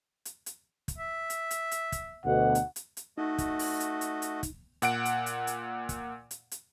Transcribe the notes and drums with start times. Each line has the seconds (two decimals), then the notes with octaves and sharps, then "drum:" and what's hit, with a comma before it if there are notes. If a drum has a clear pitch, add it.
0.25 drum: hi-hat
0.46 drum: hi-hat
0.88 drum: kick, hi-hat
0.98 E5
1.30 drum: hi-hat
1.51 drum: hi-hat
1.71 drum: hi-hat
1.92 drum: kick, hi-hat
2.25 D2 B2 F#5
2.55 drum: hi-hat
2.76 drum: hi-hat
2.97 drum: hi-hat
3.18 A3 D#4 F#4 D#5
3.38 drum: kick, hi-hat
3.59 drum: open hi-hat
3.80 drum: hi-hat
4.01 drum: hi-hat
4.22 drum: hi-hat
4.43 drum: kick, hi-hat
4.82 A#2 F#5 D7, drum: hi-hat
5.05 drum: hi-hat
5.26 drum: hi-hat
5.47 drum: hi-hat
5.89 drum: kick, hi-hat
6.31 drum: hi-hat
6.51 drum: hi-hat